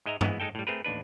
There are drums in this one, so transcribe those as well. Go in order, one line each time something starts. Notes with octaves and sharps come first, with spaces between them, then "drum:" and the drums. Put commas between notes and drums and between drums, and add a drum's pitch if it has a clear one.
G#2 G#3 D#5 E5 A#5
E3 G#3 B3, drum: tom G2
G#3 D#4 A4 G5
A2 G3
A3 C4 G#4 A#4 B4
A1 D#2 D4 B4